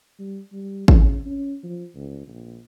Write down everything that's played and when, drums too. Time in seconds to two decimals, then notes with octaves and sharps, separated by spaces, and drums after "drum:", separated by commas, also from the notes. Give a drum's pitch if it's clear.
0.19 G3
0.53 G3
0.88 C#3, drum: kick G#1
1.26 C#4
1.64 F3
1.95 C#2
2.27 A#1